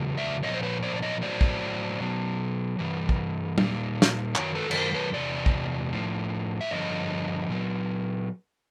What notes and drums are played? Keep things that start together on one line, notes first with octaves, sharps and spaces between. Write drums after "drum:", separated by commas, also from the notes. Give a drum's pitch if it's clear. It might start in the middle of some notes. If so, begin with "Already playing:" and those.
Already playing: E2 C#3 F#3
D5 E5
A#2 F3 C#5 D#5
C5
B4 C#5
C5 D5
D5
C#5 D#5
A2 F#3 C5 D5
drum: kick
B2 F#3
G2 E3 G3
drum: kick
A#2 G3, drum: tom
drum: snare
F#2 D#3 F#3 C#5, drum: clap
A4 B4
C#5, drum: cymbal
A#4 C5
B4 C#5
E2 C3 D5
drum: kick
A2 F3
E5
G2 D3 F3 C#5 D#5
A#2 F#3